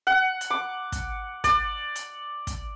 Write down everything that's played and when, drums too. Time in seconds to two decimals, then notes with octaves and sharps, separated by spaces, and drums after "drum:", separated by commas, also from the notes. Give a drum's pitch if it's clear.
0.07 F#5
0.41 drum: hi-hat
0.50 D6
0.92 drum: kick, hi-hat
1.44 D5, drum: kick, hi-hat
1.95 drum: hi-hat
2.47 drum: kick, hi-hat